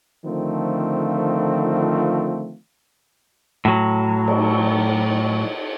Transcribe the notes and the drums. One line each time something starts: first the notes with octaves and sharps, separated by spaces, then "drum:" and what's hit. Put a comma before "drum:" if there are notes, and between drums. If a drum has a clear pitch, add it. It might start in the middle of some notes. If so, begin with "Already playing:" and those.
D3 D#3 F3 A3 C4 F4
A2 F#3
drum: cymbal